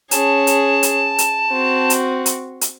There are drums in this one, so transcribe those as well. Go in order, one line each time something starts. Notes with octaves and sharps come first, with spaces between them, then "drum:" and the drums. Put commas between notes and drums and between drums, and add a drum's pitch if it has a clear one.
C#4 G#4 A5, drum: hi-hat
drum: hi-hat
drum: hi-hat
drum: hi-hat
C4 F#4
drum: hi-hat
drum: hi-hat
drum: hi-hat